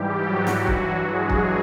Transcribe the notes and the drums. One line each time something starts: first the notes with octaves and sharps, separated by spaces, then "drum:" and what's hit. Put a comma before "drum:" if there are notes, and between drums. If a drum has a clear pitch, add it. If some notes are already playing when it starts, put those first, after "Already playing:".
Already playing: G#2 E3 G3 G4
F#3 F#4
drum: snare
G2 E3, drum: kick
G#3 G#4
drum: kick